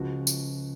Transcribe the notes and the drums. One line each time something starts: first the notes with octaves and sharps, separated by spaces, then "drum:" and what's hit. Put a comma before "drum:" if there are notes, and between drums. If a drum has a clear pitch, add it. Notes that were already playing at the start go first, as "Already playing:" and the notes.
Already playing: C#2 C#3 F3 F#4
drum: tambourine